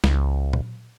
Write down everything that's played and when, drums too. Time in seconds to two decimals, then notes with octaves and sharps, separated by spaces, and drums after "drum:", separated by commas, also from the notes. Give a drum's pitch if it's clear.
0.04 C#2, drum: snare
0.53 drum: tom A#2